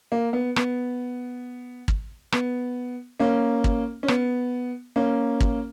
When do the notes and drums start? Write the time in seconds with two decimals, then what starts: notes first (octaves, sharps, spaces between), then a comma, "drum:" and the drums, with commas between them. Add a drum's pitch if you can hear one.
0.12 A#3
0.33 B3
0.56 B3, drum: rim click
1.88 drum: kick
2.32 B3, drum: rim click
3.20 A#3 C#4
3.64 drum: kick
4.03 C#4
4.08 B3, drum: rim click
4.96 A#3 C#4
5.40 drum: kick